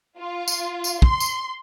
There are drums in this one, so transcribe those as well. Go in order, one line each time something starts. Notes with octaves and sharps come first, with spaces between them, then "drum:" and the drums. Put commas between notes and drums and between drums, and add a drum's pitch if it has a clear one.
F4
drum: tambourine
drum: tambourine
C6, drum: kick
drum: tambourine